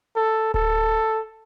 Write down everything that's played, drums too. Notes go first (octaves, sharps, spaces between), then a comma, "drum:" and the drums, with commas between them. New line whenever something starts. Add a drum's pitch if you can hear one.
A4
A4, drum: kick D1